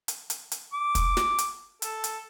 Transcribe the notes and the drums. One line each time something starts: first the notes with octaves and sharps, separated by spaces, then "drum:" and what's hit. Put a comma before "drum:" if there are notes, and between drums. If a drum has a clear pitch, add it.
drum: hi-hat
drum: hi-hat
drum: hi-hat
D6
drum: kick, hi-hat
drum: snare
drum: hi-hat
A4, drum: hi-hat
drum: hi-hat